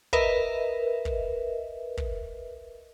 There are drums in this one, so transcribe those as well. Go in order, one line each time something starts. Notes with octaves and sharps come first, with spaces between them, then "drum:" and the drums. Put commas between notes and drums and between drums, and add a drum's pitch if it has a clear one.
A#4 B4 D#5 E5, drum: kick
drum: kick
drum: kick